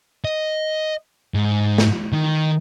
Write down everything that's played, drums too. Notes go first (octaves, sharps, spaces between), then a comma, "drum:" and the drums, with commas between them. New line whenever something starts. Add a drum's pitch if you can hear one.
D#5
G#2
drum: snare
D#3